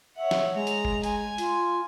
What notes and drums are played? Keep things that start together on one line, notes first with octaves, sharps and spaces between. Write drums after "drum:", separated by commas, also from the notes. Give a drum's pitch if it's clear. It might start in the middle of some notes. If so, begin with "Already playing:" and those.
C#5 E5 F#5
drum: snare
G#3 A#5
drum: hi-hat
drum: kick
G#5, drum: hi-hat
F4, drum: hi-hat